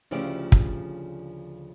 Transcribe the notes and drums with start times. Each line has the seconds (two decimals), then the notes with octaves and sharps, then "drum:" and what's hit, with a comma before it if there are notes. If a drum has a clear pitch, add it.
0.11 D2 C#3 F3 E4 G4 D5
0.52 drum: kick